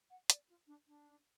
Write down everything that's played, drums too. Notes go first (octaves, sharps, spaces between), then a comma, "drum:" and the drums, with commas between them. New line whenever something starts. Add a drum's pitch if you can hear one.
F#5
D5, drum: hi-hat
F4
D4
D4